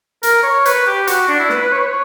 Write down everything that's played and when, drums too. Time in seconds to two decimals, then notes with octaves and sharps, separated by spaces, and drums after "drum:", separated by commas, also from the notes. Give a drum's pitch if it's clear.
0.23 A#4, drum: hi-hat
0.43 C#5
0.65 B4, drum: hi-hat
0.86 G4
1.07 F#4, drum: hi-hat
1.28 D4
1.39 E4
1.50 B4, drum: snare
1.61 B4
1.72 C#5
1.78 B4
1.86 C#5